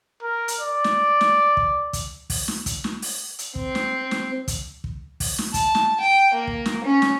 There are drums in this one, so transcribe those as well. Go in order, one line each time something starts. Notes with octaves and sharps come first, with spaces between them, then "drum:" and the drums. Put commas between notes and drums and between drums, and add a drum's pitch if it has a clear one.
A#4
drum: hi-hat
D5
drum: snare
drum: snare
drum: kick
drum: kick, hi-hat
drum: kick, open hi-hat
drum: snare
drum: kick, hi-hat
drum: snare
drum: open hi-hat
drum: hi-hat
C4, drum: kick
drum: snare
drum: snare
drum: kick, hi-hat
drum: kick
drum: kick, open hi-hat
drum: snare
A5, drum: kick, hi-hat
drum: snare
G5
A#3
drum: kick
drum: snare
C#4
drum: snare